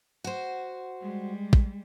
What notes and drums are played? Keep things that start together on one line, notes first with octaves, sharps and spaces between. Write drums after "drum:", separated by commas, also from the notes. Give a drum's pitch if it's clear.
F#4 C5
G3 G#3
drum: kick